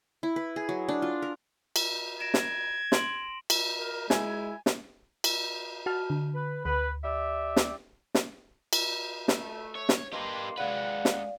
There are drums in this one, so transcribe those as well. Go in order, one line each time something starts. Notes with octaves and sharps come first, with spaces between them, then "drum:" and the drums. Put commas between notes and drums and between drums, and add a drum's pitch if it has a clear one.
E4
B4
G#4
F#3
D4
F4
A#4
drum: cymbal
G#6 A#6 D7 E7
drum: snare
C6 D7 F#7, drum: snare
drum: cymbal
A#4
G#3 E4 G#5 G#6, drum: snare
drum: snare
drum: cymbal
F#4 A5 F6
D3
B4
D2 B4
G4 D5 E5
drum: snare
drum: snare
drum: cymbal
A3, drum: snare
C#5
drum: snare
A#3 G4 B4 D#5 C6
G#3 B4 D5 F5 F#5
drum: snare